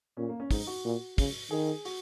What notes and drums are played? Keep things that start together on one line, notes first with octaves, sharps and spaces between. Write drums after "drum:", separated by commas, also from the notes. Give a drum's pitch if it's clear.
A#2 C#4
A#3
C#4
G#2 D#4, drum: kick, open hi-hat
F#4
A#2
C#3, drum: kick, open hi-hat
D#3 G#4
G#4
F#4, drum: open hi-hat